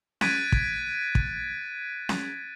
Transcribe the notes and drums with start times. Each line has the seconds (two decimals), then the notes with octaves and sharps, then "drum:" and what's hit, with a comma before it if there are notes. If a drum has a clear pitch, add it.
0.21 F#6 G#6 A6 B6 D7 D#7, drum: snare C#4
0.52 drum: kick
1.15 drum: kick
2.09 drum: snare C#4